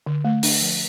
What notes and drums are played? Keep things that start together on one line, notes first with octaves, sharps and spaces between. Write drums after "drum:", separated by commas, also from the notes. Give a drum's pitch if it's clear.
D3
A3
D4, drum: open hi-hat
F3